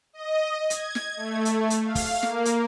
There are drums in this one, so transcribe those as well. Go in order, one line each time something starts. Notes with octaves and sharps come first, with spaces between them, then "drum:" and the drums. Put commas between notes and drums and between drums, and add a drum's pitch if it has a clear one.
D#5
G#6, drum: hi-hat
drum: snare
A3
drum: hi-hat
drum: hi-hat
F5
drum: kick, open hi-hat
A#3, drum: snare
drum: hi-hat